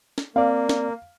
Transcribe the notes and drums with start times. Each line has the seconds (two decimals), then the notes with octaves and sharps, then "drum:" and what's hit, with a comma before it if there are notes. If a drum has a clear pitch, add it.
0.18 drum: snare
0.36 A#3 C4 D5 F5
0.69 drum: snare